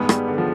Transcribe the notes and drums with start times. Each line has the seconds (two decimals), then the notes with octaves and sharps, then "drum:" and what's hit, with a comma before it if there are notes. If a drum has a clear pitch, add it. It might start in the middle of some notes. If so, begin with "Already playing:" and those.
Already playing: G2 D#3 G#3 B3
0.09 G3, drum: rim click
0.28 D3
0.38 F3